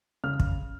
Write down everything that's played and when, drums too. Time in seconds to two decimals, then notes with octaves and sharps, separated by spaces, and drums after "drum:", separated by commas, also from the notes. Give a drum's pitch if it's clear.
0.24 C#3 F6
0.40 drum: kick